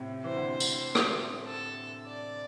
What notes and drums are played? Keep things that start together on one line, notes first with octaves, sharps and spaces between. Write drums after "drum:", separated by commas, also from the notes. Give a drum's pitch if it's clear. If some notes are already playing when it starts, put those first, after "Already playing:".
Already playing: A2 C3
E3 C5
D3
C3
D3, drum: tambourine
drum: rim click
A4
D5